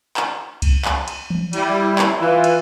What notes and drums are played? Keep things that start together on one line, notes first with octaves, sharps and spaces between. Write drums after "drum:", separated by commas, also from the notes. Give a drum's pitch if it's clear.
drum: clap
drum: kick C#2, cymbal
drum: clap
drum: cymbal
drum: tom E3
G3 E4, drum: cymbal
drum: clap
E3 F4
drum: cymbal